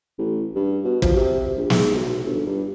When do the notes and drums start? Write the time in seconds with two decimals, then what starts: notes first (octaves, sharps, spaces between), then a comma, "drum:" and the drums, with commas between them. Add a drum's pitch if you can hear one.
0.19 A1
0.55 G2
0.84 B2
1.02 F3, drum: kick
1.16 C3
1.57 A#1
1.70 G#2, drum: snare
1.94 B1
2.24 G1
2.46 G2